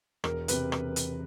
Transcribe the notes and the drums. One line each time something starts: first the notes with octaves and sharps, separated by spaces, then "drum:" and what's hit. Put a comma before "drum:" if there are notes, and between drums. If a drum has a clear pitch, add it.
E1 A#4, drum: rim click
C3 B4, drum: hi-hat
drum: rim click
drum: hi-hat